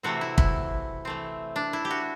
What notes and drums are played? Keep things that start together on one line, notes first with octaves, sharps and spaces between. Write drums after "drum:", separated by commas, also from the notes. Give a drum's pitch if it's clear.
C3 E3 A3 C4 F#4
E4
E4, drum: kick
E3 A3 C4
D4
E4
G4
F#4